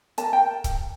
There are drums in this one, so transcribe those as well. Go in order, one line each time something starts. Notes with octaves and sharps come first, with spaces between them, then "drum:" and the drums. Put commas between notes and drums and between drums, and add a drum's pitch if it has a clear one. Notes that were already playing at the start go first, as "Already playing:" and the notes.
A#4 A5, drum: hi-hat
G5
drum: kick C#1, hi-hat